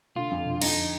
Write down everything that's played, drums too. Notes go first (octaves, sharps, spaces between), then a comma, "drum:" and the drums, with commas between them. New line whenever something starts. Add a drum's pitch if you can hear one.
D3 F4
F2
D3
F2 D#4, drum: cymbal